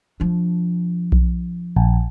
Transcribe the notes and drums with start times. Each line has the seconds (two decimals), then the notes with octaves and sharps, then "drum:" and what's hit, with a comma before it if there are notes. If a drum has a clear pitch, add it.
0.20 F3 D4
1.12 drum: kick B1
1.76 A#1